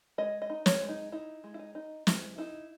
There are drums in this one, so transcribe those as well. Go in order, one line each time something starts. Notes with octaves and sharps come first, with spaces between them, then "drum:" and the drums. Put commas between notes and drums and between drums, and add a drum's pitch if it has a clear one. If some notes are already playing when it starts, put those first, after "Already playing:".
G#3 D#5
D#5
D#4
C#5, drum: snare
G#3
D#4
D#4 E4
G#3
E4
D#4
D#4
G#3 E4, drum: snare
D#4 E4